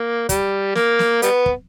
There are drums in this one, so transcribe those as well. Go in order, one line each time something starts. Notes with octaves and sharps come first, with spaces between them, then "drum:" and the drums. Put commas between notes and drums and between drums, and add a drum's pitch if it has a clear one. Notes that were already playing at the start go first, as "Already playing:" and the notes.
Already playing: A#3
G3, drum: kick, hi-hat
A#3, drum: snare
drum: snare
G3 B3, drum: hi-hat
drum: kick